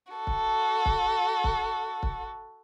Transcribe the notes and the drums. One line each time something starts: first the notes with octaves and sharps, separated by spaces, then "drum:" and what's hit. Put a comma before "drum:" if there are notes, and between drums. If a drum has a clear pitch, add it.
F#4 A4
drum: kick
drum: kick
drum: kick
drum: kick